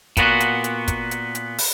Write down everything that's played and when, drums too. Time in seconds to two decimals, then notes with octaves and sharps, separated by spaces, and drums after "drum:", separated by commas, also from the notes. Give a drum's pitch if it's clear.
0.17 A#2 B3 F#4, drum: kick, hi-hat
0.40 drum: hi-hat
0.64 drum: hi-hat
0.88 drum: kick, hi-hat
1.11 drum: hi-hat
1.35 drum: hi-hat
1.58 drum: open hi-hat